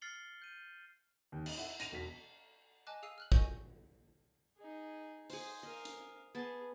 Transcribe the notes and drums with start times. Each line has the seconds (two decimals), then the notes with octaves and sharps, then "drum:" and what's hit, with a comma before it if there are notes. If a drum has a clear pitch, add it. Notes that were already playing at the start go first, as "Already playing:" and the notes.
0.02 F6 A6 C7 C#7 F#7 G7
0.42 G6 D#7
1.32 D#2
1.46 D#4, drum: cymbal
1.58 E4 F#5
1.80 A#6 D#7 F7, drum: hi-hat
1.92 E1 F#4 B6
2.87 D#5 G#5 A5 D6 F#6
3.03 G#4 F5 E6 C7 D#7
3.18 F6 F#6 F#7
3.32 D#5 G#5 C#6 G6 G7, drum: kick
4.57 D#4 G#4
5.30 G#4 C5, drum: open hi-hat
5.63 A#4 D#5 F5
5.85 drum: hi-hat
6.35 B3 G#4 A5